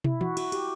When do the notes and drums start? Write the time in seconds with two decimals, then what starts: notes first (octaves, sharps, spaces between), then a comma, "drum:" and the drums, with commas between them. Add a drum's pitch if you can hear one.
0.04 E4, drum: tom
0.21 F#4, drum: tom E3
0.37 F#4, drum: cymbal
0.52 G4, drum: cymbal